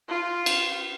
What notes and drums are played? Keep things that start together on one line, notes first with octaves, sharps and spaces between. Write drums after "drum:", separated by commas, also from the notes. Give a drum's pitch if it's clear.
F4
drum: cymbal